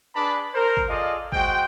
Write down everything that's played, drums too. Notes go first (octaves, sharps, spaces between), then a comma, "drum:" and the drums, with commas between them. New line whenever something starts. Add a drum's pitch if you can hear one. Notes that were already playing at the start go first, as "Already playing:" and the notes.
D4 G#4 B4 D5 A5 B5
A#4 C5
drum: kick
F4 G#4 A4 D5 D#5 F5
G#3 F#4 C5 G5, drum: kick